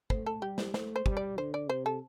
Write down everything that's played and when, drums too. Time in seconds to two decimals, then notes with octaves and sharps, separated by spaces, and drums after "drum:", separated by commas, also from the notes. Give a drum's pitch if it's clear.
0.10 A3 C5, drum: kick
0.26 A4
0.42 G3 G4
0.58 C5, drum: snare
0.74 A3 C5, drum: snare
0.96 C5
1.06 G3, drum: kick
1.17 D5
1.38 D3 C5
1.54 D5
1.69 C3 C5
1.86 A4